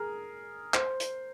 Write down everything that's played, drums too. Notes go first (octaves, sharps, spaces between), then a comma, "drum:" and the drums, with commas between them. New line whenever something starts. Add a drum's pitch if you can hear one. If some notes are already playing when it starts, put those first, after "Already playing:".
Already playing: G#4 A#4
C5, drum: clap
drum: hi-hat